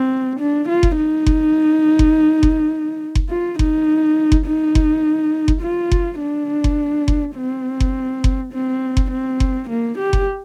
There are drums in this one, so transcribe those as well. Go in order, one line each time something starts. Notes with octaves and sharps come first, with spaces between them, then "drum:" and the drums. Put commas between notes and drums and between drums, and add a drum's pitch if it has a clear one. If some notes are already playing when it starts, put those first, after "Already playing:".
Already playing: C4
D4
F4
drum: kick F#1
D#4
drum: kick F#1
drum: kick F#1
drum: kick F#1
drum: kick F#1
F4
D#4, drum: kick F#1
drum: kick F#1
D#4
drum: kick F#1
drum: kick F#1
F4
drum: kick F#1
D4
drum: kick F#1
drum: kick F#1
C4
drum: kick F#1
drum: kick F#1
C4
drum: kick F#1
C4
drum: kick F#1
A#3
G4
drum: kick F#1